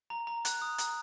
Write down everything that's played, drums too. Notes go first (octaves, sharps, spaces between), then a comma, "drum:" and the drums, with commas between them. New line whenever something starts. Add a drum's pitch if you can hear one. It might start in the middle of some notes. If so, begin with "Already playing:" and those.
A#5
A#5
F#6, drum: hi-hat
D#6
A#5, drum: hi-hat